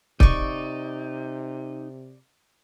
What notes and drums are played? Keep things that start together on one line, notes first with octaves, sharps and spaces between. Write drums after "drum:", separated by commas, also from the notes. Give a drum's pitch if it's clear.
C3 D#4 D5 C#6, drum: kick C#1